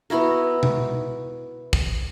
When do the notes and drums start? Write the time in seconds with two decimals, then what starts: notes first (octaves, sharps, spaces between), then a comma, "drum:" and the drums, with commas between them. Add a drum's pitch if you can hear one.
0.10 B3 E4 F#4 A#4
0.63 drum: tom B2
1.73 drum: kick